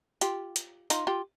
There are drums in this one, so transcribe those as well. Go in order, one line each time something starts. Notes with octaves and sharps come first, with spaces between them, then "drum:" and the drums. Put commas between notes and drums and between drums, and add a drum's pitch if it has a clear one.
F4 G4, drum: hi-hat
drum: hi-hat
D#4 F4, drum: hi-hat
F4 G4